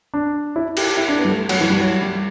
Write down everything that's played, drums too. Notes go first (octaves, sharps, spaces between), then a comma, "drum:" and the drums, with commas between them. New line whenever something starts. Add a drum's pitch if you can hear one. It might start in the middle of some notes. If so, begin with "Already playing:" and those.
D4
E4
G4, drum: cymbal
G4
E4
D4
B3
G3
A3
F#3, drum: cymbal
E3
G3
F#3
G3